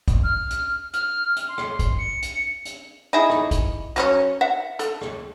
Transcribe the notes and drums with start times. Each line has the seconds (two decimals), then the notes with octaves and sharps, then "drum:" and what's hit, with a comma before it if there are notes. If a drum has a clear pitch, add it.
0.08 drum: kick, hi-hat
0.24 F6
0.51 drum: hi-hat
0.93 F6, drum: hi-hat
1.36 drum: hi-hat
1.49 C6
1.58 drum: rim click
1.79 drum: kick, hi-hat
1.98 C#7
2.22 drum: hi-hat
2.65 drum: hi-hat
3.13 D#4 E4 G#4
3.30 drum: rim click
3.51 drum: kick, hi-hat
3.96 F#3 C#4 C#5, drum: hi-hat
4.41 E5 F#5
4.79 A4, drum: hi-hat
5.01 drum: rim click